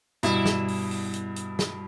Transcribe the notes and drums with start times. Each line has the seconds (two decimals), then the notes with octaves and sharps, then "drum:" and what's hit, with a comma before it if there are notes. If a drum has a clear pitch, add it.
0.23 G2 B2 E4, drum: hi-hat
0.46 drum: snare
0.68 drum: open hi-hat
0.91 drum: open hi-hat
1.14 drum: hi-hat
1.36 drum: hi-hat
1.59 drum: snare